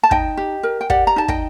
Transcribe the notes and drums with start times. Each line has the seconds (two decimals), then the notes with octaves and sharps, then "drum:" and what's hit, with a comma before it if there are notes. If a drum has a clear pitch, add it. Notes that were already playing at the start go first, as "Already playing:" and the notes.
0.03 A5
0.11 D#4 D#5 G5, drum: kick
0.37 G4
0.63 A#4
0.81 G5
0.90 G4 D5 F#5, drum: kick
1.07 A#5
1.16 D#4 A5
1.28 D#5 G5, drum: kick